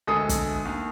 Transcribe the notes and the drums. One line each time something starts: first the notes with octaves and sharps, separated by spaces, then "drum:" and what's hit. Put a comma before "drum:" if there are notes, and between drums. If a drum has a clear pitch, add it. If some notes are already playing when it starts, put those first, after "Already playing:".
D2 G#3 A4 D#6
drum: kick, hi-hat
D#2